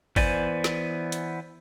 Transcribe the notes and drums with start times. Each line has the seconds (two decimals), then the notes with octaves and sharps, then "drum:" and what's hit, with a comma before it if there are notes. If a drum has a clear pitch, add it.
0.16 E3 B3 C5 D5 G#5, drum: kick, open hi-hat
0.64 drum: snare
1.12 drum: hi-hat